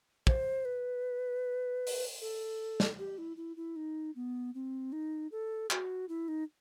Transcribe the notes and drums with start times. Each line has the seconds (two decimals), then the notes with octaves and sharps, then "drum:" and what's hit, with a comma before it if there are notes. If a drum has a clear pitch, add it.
0.27 C5, drum: kick
0.65 B4
1.87 drum: open hi-hat
2.21 A4
2.80 drum: snare
2.98 G4
3.18 E4
3.37 E4
3.56 E4
3.76 D#4
4.16 B3
4.54 C4
4.92 D#4
5.32 A4
5.70 F#4, drum: clap
6.09 E4
6.28 D#4